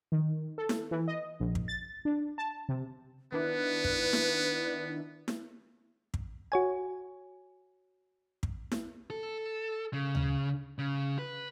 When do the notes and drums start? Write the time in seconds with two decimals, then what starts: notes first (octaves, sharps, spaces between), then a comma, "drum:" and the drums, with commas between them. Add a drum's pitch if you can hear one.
0.12 D#3
0.58 A4
0.69 drum: snare E4
0.91 E3
1.08 D#5
1.40 A#1
1.55 drum: kick
1.68 A6
2.05 D4
2.38 A5
2.69 C3
3.32 D#3 B3 D4 E4 B4
3.84 drum: kick
4.13 drum: snare E4
5.28 drum: snare E4
6.14 drum: kick
6.52 F#4 C#5 G#5
8.43 drum: kick
8.72 drum: snare E4
9.10 A4
9.93 C#3
10.15 drum: tom D2
10.78 C#3
11.19 B4